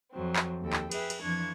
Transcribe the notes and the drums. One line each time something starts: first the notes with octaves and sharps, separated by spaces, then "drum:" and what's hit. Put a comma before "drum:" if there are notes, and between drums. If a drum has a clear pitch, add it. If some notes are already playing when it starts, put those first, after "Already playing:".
F2 F#3 C4
drum: clap
D#2 A4 G5
drum: clap
G#4 B4 E5 G5, drum: cymbal
drum: cymbal
F2 E3 F3 D4 C#6 G#6